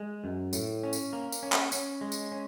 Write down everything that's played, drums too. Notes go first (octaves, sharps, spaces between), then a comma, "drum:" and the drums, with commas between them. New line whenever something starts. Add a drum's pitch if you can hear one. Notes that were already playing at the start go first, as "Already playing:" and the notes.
Already playing: G#3
F#2
A2, drum: tambourine
C#4
drum: tambourine
A#3
drum: tambourine
C#4
drum: clap
C#4, drum: tambourine
G#3
drum: tambourine
C#4